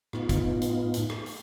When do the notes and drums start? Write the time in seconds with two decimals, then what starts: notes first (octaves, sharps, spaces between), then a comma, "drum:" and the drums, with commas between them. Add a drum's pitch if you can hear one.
0.13 A2 B3 D#4 F4, drum: rim click
0.29 drum: kick, hi-hat
0.62 drum: hi-hat
0.94 drum: hi-hat
1.10 drum: rim click
1.26 drum: open hi-hat